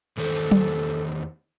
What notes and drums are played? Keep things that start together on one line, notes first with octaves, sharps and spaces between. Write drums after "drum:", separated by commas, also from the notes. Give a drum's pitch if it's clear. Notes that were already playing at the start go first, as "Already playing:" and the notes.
E2 D#3 A4 C5
drum: tom F#3